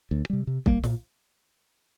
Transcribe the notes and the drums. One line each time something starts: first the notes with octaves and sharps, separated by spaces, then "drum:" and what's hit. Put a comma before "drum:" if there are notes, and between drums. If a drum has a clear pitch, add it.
D2
C3 G3
C3
G3 A#3, drum: kick
A#2, drum: snare